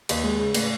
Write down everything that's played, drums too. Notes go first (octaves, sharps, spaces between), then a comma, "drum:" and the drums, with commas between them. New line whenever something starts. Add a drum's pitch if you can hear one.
D#2, drum: cymbal
G#3
C#3
A2, drum: cymbal